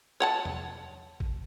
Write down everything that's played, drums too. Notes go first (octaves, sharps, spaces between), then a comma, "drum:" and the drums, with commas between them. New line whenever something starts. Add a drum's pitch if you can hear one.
C#5 F#5 A5
drum: tom
drum: kick